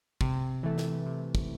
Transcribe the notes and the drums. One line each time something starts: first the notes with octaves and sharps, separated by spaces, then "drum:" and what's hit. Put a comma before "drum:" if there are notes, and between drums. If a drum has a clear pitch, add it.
C3, drum: kick
E3 A3
drum: snare
C3
drum: kick